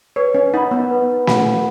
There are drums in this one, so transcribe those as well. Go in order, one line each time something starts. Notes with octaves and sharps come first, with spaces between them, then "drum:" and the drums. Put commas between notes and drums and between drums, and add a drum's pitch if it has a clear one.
B4 C#5
C#4
D#4 F#5 B5
B3
B4
F#5 B5, drum: snare